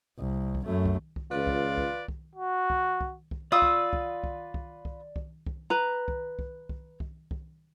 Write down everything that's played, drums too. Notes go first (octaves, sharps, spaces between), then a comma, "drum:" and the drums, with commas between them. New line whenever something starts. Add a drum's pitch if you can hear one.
C2
drum: kick
F#2 A3
drum: kick
drum: kick
C#2 F4 B4 D5
drum: kick
drum: kick
drum: kick
F#4
drum: kick
drum: kick
drum: kick
F4 B4 D5 D#6 E6
drum: kick
drum: kick
drum: kick
drum: kick
drum: kick
drum: kick
drum: kick
B4 A#5
drum: kick
drum: kick
drum: kick
drum: kick
drum: kick